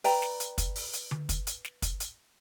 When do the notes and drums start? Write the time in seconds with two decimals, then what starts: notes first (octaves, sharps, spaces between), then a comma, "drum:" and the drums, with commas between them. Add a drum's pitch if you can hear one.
0.04 B4 D5 G5 A#5, drum: open hi-hat
0.22 drum: snare
0.40 drum: hi-hat
0.58 drum: kick, hi-hat
0.75 drum: open hi-hat
0.93 drum: hi-hat
1.11 drum: tom D3
1.29 drum: kick, hi-hat
1.47 drum: hi-hat
1.64 drum: snare
1.82 drum: kick, hi-hat
2.00 drum: hi-hat